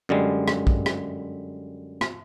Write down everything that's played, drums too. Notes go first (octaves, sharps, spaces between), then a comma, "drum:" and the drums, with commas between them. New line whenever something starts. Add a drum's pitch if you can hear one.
F#2 D3 G3 G#3
drum: rim click
drum: kick A#1
drum: rim click
drum: rim click